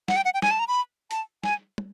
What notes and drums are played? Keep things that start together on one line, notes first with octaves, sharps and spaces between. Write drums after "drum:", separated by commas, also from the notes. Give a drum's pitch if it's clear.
F#5, drum: snare
G5
F#5
G5
G#5, drum: snare
A5
A#5
B5
A5, drum: hi-hat
G#5, drum: snare
drum: tom